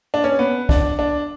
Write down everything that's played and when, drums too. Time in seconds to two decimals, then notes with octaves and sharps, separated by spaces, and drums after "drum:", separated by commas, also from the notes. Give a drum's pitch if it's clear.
0.14 D4
0.24 C#4
0.39 B3
0.69 D4, drum: kick
0.99 D4